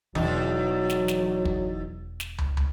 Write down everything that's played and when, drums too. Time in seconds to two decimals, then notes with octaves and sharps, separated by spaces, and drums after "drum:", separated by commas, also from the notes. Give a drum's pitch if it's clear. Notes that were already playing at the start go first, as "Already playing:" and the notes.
0.15 E1 E2 F#3 D4 D#4, drum: tom D#3
0.90 drum: snare
1.08 drum: snare
1.45 drum: kick
2.20 drum: snare
2.38 drum: tom
2.57 drum: tom